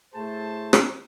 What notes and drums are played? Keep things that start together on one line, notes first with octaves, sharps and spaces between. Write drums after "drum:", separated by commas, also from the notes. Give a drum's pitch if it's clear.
A2 A3 G#4 A4 C5 A5
drum: rim click